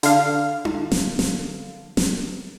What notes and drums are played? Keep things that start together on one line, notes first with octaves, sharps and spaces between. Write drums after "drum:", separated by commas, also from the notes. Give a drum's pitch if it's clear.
D3 F5, drum: hi-hat
drum: tom D4
drum: snare
drum: snare
drum: snare